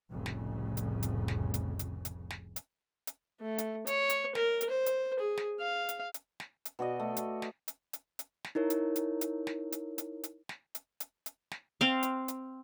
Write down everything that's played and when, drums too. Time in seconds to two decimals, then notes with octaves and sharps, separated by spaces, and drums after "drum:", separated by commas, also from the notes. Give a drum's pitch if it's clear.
0.11 F1 C2 F2 A2 C#3
0.26 drum: snare
0.77 drum: hi-hat
1.03 drum: hi-hat
1.28 drum: snare
1.54 drum: hi-hat
1.79 drum: hi-hat
2.05 drum: hi-hat
2.30 drum: snare
2.56 drum: hi-hat
3.07 drum: hi-hat
3.41 A3
3.58 drum: hi-hat
3.87 C#5, drum: hi-hat
4.10 drum: hi-hat
4.35 A#4, drum: snare
4.61 drum: hi-hat
4.70 C5
4.86 drum: hi-hat
5.20 G#4
5.37 drum: snare
5.60 F5
5.89 drum: hi-hat
6.14 drum: hi-hat
6.40 drum: snare
6.65 drum: hi-hat
6.79 B2 F#4 D5 D#5
7.00 A3
7.17 drum: hi-hat
7.42 drum: snare
7.68 drum: hi-hat
7.93 drum: hi-hat
8.19 drum: hi-hat
8.44 drum: snare
8.55 D#4 E4 A#4 C#5
8.70 drum: hi-hat
8.96 drum: hi-hat
9.21 drum: hi-hat
9.47 drum: snare
9.72 drum: hi-hat
9.98 drum: hi-hat
10.24 drum: hi-hat
10.49 drum: snare
10.75 drum: hi-hat
11.00 drum: hi-hat
11.26 drum: hi-hat
11.51 drum: snare
11.81 C4 F5
12.03 drum: hi-hat
12.28 drum: hi-hat